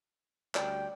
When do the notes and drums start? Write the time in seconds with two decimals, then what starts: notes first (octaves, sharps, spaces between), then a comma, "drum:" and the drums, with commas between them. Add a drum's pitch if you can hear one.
0.55 D2 G3 D5 G5, drum: clap